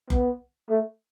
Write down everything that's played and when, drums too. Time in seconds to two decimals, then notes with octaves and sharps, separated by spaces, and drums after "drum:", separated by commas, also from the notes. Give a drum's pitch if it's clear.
0.10 B3, drum: kick F#1
0.70 A3